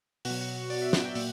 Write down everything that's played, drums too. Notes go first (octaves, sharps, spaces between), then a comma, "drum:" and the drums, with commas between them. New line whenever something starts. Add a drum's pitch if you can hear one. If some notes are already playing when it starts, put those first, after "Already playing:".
B2 F#4, drum: open hi-hat
F#3
F#4
F#4
D5, drum: open hi-hat
E5
drum: snare
G5
A#2 F#5, drum: open hi-hat